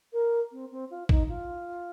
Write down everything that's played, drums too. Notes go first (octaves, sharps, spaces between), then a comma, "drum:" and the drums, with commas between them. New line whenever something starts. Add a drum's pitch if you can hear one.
A#4
C4
C4
F4
D#4, drum: kick
F4